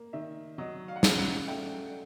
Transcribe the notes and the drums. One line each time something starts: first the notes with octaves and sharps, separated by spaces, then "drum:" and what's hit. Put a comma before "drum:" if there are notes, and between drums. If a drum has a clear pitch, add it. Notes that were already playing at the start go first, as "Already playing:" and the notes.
Already playing: A#3
D#3 E5
F#3 D#5
F5
F#5
C#3 F5, drum: snare
F#5
A3 G5